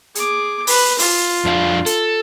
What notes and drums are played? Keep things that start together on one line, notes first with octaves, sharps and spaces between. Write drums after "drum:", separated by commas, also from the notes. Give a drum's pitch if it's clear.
G#4 D6, drum: hi-hat
B4, drum: open hi-hat
F4, drum: open hi-hat
F2 D4 F5
A4, drum: hi-hat